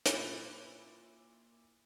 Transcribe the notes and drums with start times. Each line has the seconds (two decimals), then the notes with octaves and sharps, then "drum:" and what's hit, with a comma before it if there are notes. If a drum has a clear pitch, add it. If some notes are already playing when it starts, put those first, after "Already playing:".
0.06 A#2 E4 B5 F#6 A6, drum: hi-hat